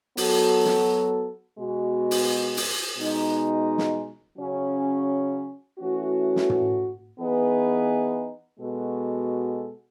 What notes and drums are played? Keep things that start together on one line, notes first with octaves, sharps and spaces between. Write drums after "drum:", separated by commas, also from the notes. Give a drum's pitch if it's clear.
F#3 B3 F#4 A4, drum: open hi-hat
drum: snare
B2 G#3 B3 F#4
drum: open hi-hat
drum: open hi-hat
B2 G#3 D#4
drum: snare
C#3 F#3 C#4
E3 A3 C#4 F#4
drum: snare
drum: tom
E3 B3 D#4 G#4 B4
B2 G#3 B3 F#4 A4